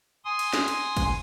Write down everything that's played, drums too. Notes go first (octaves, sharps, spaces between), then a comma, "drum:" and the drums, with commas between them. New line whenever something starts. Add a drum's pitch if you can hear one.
G#5 C6 D#6
drum: cymbal
drum: snare
drum: cymbal
drum: kick G#1, cymbal